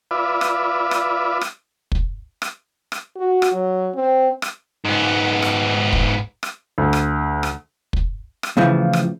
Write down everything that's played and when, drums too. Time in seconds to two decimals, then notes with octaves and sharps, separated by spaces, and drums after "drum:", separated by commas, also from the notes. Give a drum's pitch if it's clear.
0.11 F4 B4 D5 E5
0.41 drum: rim click
0.91 drum: rim click
1.41 drum: rim click
1.92 drum: kick
2.42 drum: rim click
2.92 drum: rim click
3.17 F#4
3.42 drum: rim click
3.53 F#3
3.95 C4
4.42 drum: rim click
4.85 G#2 B3
5.42 drum: rim click
5.93 drum: kick
6.43 drum: rim click
6.78 D2
6.93 drum: rim click
7.43 drum: rim click
7.93 drum: kick
8.43 drum: rim click
8.57 A2 C#3 E3 F3
8.93 drum: rim click